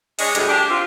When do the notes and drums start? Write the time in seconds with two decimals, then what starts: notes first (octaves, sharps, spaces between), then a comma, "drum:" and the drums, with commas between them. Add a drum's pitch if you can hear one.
0.19 G#3 D4 C#5 D#5, drum: open hi-hat
0.35 D2 A2 G3 G#4, drum: hi-hat
0.48 D4 G4
0.70 C4 F4